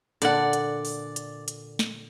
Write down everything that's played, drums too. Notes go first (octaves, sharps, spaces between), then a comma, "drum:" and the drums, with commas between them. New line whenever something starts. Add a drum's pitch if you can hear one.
A#2 D3 D5 F#5, drum: hi-hat
drum: hi-hat
drum: open hi-hat
drum: hi-hat
drum: hi-hat
drum: snare